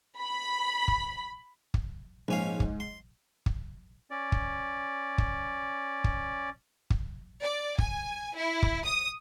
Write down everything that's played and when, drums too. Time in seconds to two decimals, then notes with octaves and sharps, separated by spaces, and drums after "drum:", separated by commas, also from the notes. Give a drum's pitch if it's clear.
0.19 B5
0.88 drum: kick
1.74 drum: kick
2.28 A#1 G#2 C#4 F5
2.60 drum: kick
2.80 C6
3.46 drum: kick
4.11 C#4 D5
4.32 drum: kick
5.18 drum: kick
6.04 drum: kick
6.90 drum: kick
7.42 D5
7.78 G#5, drum: kick
8.35 E4
8.63 drum: kick
8.85 D#6